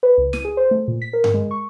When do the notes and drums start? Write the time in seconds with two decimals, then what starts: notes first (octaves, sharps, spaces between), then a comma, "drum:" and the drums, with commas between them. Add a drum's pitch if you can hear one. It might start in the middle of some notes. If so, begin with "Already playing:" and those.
0.03 B4
0.18 C#2
0.33 D#7, drum: snare
0.45 G#4
0.57 C5
0.71 A3
0.88 A#2
1.02 B6
1.13 A#4
1.24 drum: tom G2
1.34 G#3
1.51 C#6